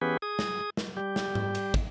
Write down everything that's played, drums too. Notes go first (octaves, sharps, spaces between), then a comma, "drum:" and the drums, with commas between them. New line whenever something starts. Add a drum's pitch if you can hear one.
E3 B3 C#4 G4 G#4 B4
G#4 D#6
drum: snare
drum: snare
G3 G4
drum: snare
drum: tom G#2
drum: cymbal
drum: kick